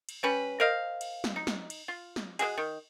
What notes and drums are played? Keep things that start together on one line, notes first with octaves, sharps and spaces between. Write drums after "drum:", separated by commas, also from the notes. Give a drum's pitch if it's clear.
drum: cymbal
G3 C#4 B4
A#4 C5 D#5 F5
drum: cymbal
drum: snare
D#4
drum: snare
drum: cymbal
F4
drum: snare
G#3 C4 F#4 G#4, drum: cymbal
D#3